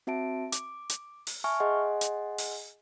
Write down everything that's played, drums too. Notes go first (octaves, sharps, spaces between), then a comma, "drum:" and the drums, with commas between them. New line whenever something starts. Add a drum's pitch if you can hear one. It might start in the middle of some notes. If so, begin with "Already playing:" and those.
C4 F#4 E5 A5 D7
D6, drum: hi-hat
drum: hi-hat
drum: open hi-hat
E5 G#5 A5 C#6 F6
G#4 D#5 F#5 G#5 C6
drum: hi-hat
drum: open hi-hat